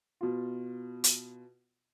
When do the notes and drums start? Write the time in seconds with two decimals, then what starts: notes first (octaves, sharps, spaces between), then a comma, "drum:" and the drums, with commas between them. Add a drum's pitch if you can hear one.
0.21 B2 F4
1.04 drum: hi-hat